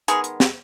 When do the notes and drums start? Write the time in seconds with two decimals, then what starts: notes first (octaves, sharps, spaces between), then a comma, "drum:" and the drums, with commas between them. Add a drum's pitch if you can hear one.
0.08 D#3 G#3 B3 G#4, drum: hi-hat
0.24 drum: hi-hat
0.40 drum: snare